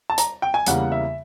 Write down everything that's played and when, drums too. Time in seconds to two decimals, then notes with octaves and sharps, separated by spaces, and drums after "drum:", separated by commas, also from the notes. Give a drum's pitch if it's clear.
0.10 A5
0.18 A#5, drum: hi-hat
0.42 G5
0.54 G#5
0.66 E2 C#3 E3 G3 A#3 F#5, drum: hi-hat
0.92 E5